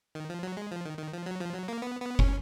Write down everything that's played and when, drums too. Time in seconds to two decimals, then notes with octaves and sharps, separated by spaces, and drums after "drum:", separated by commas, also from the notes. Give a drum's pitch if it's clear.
0.15 D#3
0.30 F3
0.43 F#3
0.57 G#3
0.71 F3
0.85 D#3
0.98 D#3
1.13 F3
1.26 F#3
1.41 F3
1.54 F#3
1.68 A#3
1.82 B3
2.01 B3
2.19 C#4, drum: kick F#1